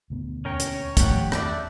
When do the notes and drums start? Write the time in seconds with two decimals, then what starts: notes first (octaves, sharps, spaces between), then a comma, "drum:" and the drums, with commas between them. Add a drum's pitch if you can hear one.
0.10 D2 B2 B3
0.45 D#2 C#4 A#4 C#5 G5
0.60 drum: hi-hat
0.97 D#3 F3 A3 G4 F#5, drum: kick, hi-hat
1.32 E2 D5 E5 F#5 A5 G6, drum: rim click